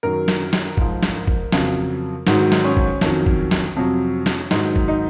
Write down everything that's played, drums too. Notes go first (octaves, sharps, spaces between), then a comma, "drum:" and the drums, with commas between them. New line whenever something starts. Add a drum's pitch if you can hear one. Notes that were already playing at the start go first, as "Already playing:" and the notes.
F#2 D#3 F#3 A#4
drum: snare
drum: snare
G#2 F3, drum: kick
drum: snare
drum: kick
F2 C#3 F#3, drum: snare
G#2 D#3 F#3 F#4, drum: snare
drum: snare
C#4
drum: kick
F2 D#3 F#3, drum: snare
drum: kick
drum: snare
F2 C3 F#3
drum: snare
G#2 D#3 F#3 D#4, drum: snare
drum: kick
D#4